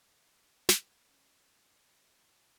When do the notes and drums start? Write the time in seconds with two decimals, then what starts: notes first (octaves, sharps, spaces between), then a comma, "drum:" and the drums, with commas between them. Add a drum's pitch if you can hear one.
0.69 F4 A#4, drum: snare
1.09 G#2 C#4
1.78 G3 B4
2.19 F#4